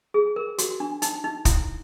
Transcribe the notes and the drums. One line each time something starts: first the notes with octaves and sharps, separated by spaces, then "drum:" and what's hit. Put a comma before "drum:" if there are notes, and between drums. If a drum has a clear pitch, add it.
G#4
A#4
F#4, drum: hi-hat
D4
D#4, drum: hi-hat
D#4
E4, drum: kick, hi-hat